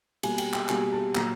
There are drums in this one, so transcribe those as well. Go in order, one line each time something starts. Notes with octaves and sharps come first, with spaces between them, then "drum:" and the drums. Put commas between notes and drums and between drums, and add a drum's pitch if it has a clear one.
B2 G3 A#3 G#5, drum: cymbal
G5, drum: cymbal
G5, drum: clap
B2 G3 A#3 G#5, drum: clap
A5
A#2 F#3 A#3 A#5, drum: clap